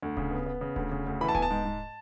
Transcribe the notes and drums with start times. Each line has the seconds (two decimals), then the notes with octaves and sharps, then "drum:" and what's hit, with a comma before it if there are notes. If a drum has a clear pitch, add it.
0.03 D2
0.17 C#3, drum: kick D1
0.31 B3
0.46 B3
0.61 C#3
0.76 D2, drum: kick D1
0.91 C#3
1.07 D2
1.21 E3 B5
1.28 A5
1.35 B3 G#5, drum: kick D1
1.42 A5
1.50 G#2
1.65 G#2